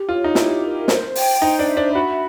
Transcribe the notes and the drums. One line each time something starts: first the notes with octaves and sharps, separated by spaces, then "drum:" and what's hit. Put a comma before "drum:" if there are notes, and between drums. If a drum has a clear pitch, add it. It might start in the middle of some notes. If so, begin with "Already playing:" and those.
Already playing: G4
F4 C#5
D#4
E4 G4, drum: snare
A#4
C5, drum: snare
G5, drum: open hi-hat
D#4 C5
D4
E5
D4
F#4 B5